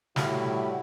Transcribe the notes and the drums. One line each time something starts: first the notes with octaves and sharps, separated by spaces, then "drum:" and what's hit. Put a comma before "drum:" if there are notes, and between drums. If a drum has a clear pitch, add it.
A2 G3 E4 F#4, drum: snare